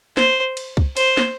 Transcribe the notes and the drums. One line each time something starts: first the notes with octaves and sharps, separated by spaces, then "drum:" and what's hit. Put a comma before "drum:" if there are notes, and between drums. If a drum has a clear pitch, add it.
C5, drum: snare
drum: cymbal
drum: kick C2
C5, drum: cymbal
drum: snare